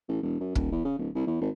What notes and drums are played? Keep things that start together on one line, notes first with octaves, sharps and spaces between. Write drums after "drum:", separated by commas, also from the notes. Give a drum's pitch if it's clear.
A1
E1
F#2
D#1, drum: kick
E2
C#3
D1
C2
E2
G#1